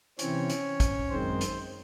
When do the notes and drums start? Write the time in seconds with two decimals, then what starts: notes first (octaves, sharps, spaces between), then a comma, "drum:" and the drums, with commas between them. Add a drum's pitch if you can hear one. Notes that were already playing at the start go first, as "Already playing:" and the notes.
0.19 C3 E3 C4 C#4 C#5, drum: hi-hat
0.50 drum: hi-hat
0.80 drum: kick, hi-hat
1.10 F#2 D#3 G#3 C4 C5
1.41 drum: hi-hat